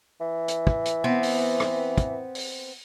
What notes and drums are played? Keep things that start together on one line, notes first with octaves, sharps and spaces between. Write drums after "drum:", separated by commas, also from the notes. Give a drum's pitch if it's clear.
E3
drum: hi-hat
drum: kick
drum: hi-hat
B3 C4
drum: open hi-hat
drum: rim click
drum: kick, hi-hat
drum: open hi-hat